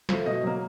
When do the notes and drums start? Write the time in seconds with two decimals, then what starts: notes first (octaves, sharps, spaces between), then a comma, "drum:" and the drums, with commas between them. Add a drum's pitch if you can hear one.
0.09 F3 A3, drum: snare
0.26 B2 D#5
0.43 F#3 A#3